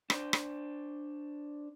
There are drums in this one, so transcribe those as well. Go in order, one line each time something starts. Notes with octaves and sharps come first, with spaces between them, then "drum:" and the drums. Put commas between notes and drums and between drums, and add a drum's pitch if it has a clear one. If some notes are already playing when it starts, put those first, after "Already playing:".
D4 C5, drum: rim click
drum: rim click